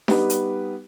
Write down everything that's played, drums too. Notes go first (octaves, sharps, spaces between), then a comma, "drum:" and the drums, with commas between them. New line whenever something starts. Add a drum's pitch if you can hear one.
G3 B3 D#4 G4 B4, drum: snare D4
drum: hi-hat